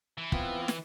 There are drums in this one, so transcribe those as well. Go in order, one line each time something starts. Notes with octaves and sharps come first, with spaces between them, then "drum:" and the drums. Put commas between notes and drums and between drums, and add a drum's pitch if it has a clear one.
E3
B3 C4 F4, drum: kick
drum: snare